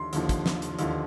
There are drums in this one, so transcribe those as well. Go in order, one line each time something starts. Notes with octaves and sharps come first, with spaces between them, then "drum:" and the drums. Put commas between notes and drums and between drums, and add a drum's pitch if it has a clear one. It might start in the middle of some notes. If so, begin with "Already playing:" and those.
Already playing: D#2 D3 F3 C6
D#2 D3 F3, drum: hi-hat
drum: kick, hi-hat
drum: snare
drum: hi-hat
D#2 D3 F3, drum: hi-hat